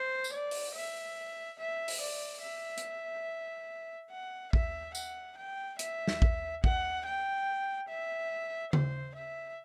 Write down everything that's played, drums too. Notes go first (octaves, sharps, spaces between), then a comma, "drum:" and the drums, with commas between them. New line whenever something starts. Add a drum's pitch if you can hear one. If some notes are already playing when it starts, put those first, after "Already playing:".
Already playing: C5
drum: tambourine
D5
drum: open hi-hat
E5
E5
drum: open hi-hat
D5
E5
drum: hi-hat
F#5
E5, drum: kick
F#5, drum: tambourine
G5
E5, drum: hi-hat
drum: snare
drum: kick
F#5, drum: kick
G5
E5
C5, drum: tom C#3
E5